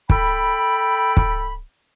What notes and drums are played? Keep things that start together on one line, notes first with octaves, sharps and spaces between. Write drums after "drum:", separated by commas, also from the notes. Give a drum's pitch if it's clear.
A4 G5 B5, drum: kick
drum: kick